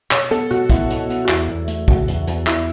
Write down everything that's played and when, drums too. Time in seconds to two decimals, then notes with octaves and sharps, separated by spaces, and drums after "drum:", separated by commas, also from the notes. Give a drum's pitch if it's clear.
0.11 B2 C#5, drum: clap
0.31 B3 A4, drum: hi-hat
0.51 B2 F#4, drum: hi-hat
0.70 B3 E4, drum: kick, hi-hat
0.90 B2, drum: hi-hat
1.10 B3, drum: hi-hat
1.25 F#4
1.28 E2 E4, drum: clap
1.48 E2
1.68 A3, drum: hi-hat
1.88 C#3 F#4, drum: kick
2.08 E2, drum: hi-hat
2.27 E2, drum: hi-hat
2.47 E2 E4, drum: clap